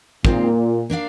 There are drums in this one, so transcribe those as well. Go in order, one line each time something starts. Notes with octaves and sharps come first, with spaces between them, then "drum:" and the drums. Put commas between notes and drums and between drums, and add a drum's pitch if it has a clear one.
A#2 D#3 G#3 C4 F4, drum: kick
A#3 D4 G4 D5 F5